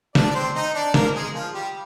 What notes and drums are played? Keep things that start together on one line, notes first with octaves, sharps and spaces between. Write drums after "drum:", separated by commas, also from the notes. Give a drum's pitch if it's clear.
D4 D5, drum: snare
D5
C4 C5
D#4 D#5
D4 D5
A#3 A#4, drum: snare
G#3 G#4
F3 F4
G3 G4